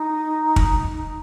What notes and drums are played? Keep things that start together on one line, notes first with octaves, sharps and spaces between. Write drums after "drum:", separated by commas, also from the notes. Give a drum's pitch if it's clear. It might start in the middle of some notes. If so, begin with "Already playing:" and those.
Already playing: D#4
drum: kick